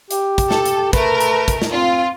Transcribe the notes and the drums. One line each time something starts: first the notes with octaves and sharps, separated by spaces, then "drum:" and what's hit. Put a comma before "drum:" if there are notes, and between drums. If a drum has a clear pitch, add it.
G4, drum: hi-hat
drum: kick, hi-hat
A4, drum: snare
drum: hi-hat
A3 A#4 B4, drum: kick, hi-hat
drum: hi-hat
drum: kick, hi-hat
drum: snare
C4 F4